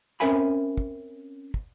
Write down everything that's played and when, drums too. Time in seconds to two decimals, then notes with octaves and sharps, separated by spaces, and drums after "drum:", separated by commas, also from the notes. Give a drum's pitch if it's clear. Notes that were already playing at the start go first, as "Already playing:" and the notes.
0.20 C4 C#4 A#4 E5 G#5 B5
0.77 drum: kick
1.54 drum: kick